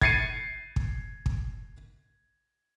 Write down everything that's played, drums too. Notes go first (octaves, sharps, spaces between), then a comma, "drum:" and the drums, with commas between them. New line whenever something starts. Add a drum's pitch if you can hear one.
G#6 A6 C7 C#7 D#7, drum: kick
drum: kick
drum: kick